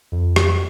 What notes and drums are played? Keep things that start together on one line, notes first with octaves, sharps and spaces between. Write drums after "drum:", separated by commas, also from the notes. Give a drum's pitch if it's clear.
F2
drum: rim click